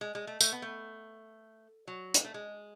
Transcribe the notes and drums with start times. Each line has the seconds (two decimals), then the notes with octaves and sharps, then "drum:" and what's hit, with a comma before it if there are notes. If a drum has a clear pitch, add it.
0.01 G#3
0.15 G#3
0.27 A3
0.41 A3, drum: tambourine
0.52 B3
0.62 A3
1.87 F#3
2.14 G#3, drum: hi-hat
2.25 A3
2.34 G#3